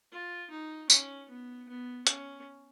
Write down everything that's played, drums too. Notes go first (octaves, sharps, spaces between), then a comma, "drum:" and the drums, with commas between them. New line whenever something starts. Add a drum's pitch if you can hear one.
F4
D#4
C#4, drum: tambourine
B3
B3
C#4, drum: hi-hat